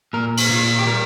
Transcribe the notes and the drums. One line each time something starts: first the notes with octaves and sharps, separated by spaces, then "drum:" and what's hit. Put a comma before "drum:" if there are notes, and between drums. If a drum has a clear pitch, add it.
A#2 A#4
drum: cymbal
A#2 F4
G4
G3 A#4